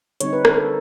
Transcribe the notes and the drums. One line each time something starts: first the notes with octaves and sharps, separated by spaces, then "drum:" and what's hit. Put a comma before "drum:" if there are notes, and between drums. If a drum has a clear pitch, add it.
D3 G3 C4 D#4 C#5, drum: hi-hat
B4
A#4, drum: rim click
A4